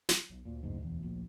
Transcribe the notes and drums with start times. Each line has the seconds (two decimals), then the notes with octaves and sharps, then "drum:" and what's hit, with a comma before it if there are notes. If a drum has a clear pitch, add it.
0.09 drum: snare
0.30 B1
0.45 D2 A#2
0.63 F#1 G#2
0.83 E1
1.03 A#1